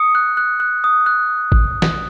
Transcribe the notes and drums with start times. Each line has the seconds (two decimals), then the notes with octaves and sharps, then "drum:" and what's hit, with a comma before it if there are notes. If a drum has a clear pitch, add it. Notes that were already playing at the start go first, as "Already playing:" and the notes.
Already playing: D#6 C#7
0.15 F#6
0.37 F#6
0.60 F#6
0.84 D#6
1.06 F#6
1.52 drum: kick G#1
1.82 drum: snare